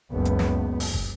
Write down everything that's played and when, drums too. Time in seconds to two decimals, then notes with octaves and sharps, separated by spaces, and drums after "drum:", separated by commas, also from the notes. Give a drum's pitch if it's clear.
0.12 F#1 C#2 B3
0.25 drum: hi-hat
0.39 drum: snare
0.80 drum: open hi-hat
0.94 drum: kick